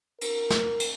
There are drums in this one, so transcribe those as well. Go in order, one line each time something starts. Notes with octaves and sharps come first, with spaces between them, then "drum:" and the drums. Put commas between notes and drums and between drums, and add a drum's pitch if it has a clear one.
A#4, drum: cymbal
drum: snare
drum: cymbal